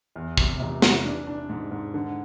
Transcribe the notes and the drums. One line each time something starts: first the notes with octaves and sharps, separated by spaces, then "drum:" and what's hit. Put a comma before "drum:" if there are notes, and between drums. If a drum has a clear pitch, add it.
E2
C3, drum: kick
F1
E3, drum: snare
D4
D4
G#2
G#2
D3